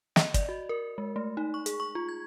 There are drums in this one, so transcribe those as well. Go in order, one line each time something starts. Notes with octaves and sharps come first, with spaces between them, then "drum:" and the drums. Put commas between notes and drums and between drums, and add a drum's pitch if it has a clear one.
D#5, drum: snare
D5, drum: kick, hi-hat
F#4
A#4
G#3
A3
D#4
C#6
G#4, drum: hi-hat
C#6
F4
G#6